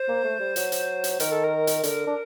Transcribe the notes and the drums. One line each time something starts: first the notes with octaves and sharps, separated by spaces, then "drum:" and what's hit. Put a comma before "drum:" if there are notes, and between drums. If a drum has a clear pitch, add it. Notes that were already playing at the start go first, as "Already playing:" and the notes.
Already playing: C5
A#3
A3
G3
F#3, drum: hi-hat
drum: hi-hat
drum: hi-hat
D#3 A#4, drum: hi-hat
A4
A#4
drum: hi-hat
D3, drum: hi-hat
D4